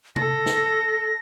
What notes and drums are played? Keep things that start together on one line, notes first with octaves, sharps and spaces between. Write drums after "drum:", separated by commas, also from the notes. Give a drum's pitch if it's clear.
A4 A#6, drum: tom C3
drum: snare